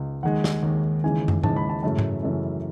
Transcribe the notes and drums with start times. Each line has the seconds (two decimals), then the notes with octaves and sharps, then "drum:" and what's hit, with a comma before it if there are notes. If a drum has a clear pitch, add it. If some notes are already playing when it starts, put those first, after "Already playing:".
Already playing: C#2
0.23 D#2 D#3 G#3 F#5
0.44 drum: snare
0.63 D#2 D#3 G#3
1.03 D#2 C#3 E3 G#3 G#5
1.28 drum: tom
1.43 D#2 C#3 E3 G#3 A5, drum: tom G#2
1.56 B5
1.69 A5
1.83 F#2 C#3 E3 A3 A5
1.99 drum: tom G#2
2.23 F#2 C#3 E3 A3